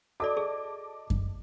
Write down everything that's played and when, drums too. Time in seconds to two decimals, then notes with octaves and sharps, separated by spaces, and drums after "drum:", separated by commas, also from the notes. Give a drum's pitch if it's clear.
0.20 F#4 A4 D5 D#5 A5 D6
0.37 G#4
1.10 drum: kick F#2